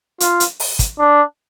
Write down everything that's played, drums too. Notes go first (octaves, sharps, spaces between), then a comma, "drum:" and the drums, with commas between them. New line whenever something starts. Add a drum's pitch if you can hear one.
F4, drum: hi-hat
drum: hi-hat
drum: open hi-hat
drum: kick, hi-hat
D4